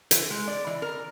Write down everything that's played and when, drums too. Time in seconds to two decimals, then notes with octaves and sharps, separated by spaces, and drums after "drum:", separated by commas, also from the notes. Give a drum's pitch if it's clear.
0.11 E3, drum: hi-hat
0.30 G#3
0.48 D5
0.67 E3
0.82 A#4